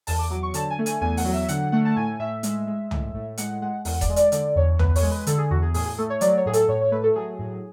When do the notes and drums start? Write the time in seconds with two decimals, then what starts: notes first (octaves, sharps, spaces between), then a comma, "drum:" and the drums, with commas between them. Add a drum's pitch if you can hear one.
0.07 E2 A5, drum: open hi-hat
0.19 D6
0.30 F#3 D6
0.43 C#6
0.54 D3 A5, drum: hi-hat
0.70 G#5
0.79 A3
0.86 G#5, drum: hi-hat
1.01 E2 G#5
1.17 F#5, drum: open hi-hat
1.25 F#3
1.33 E5
1.48 D3 F#5, drum: hi-hat
1.72 A3 F#5
1.85 A5
1.96 A2 G#5
2.19 A2 E5
2.43 G#3, drum: hi-hat
2.67 G#3
2.91 A2, drum: tom
3.14 A2
3.37 G#3 F#5, drum: hi-hat
3.62 G#3 F#5
3.85 E2 F#5, drum: open hi-hat
4.01 D5, drum: kick E1, hi-hat
4.09 G#3
4.16 D5, drum: hi-hat
4.32 D3 D5, drum: hi-hat
4.55 E2 C#5
4.79 E2 B4, drum: tom
4.96 C#5, drum: open hi-hat
5.03 G#3
5.11 B4
5.27 D3 A4, drum: hi-hat
5.38 G#4
5.50 E2 F#4
5.62 G#4
5.74 A2 G#4, drum: open hi-hat
5.85 G#4
5.98 A3 A4
6.10 C#5
6.21 F#3 D5, drum: hi-hat
6.37 C#5
6.46 A2 G#4
6.53 A4, drum: hi-hat
6.68 A2 C#5
6.81 C#5
6.92 A3 B4
7.04 A4
7.15 F#3 G#4
7.39 A2